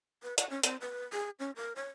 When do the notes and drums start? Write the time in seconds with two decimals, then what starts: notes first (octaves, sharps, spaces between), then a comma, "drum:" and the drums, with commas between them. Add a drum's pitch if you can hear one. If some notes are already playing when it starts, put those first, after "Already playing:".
0.23 B4
0.38 F#5, drum: hi-hat
0.50 C#4
0.63 C4, drum: hi-hat
0.81 B4
1.13 G#4
1.39 C#4
1.56 A#4
1.76 C#5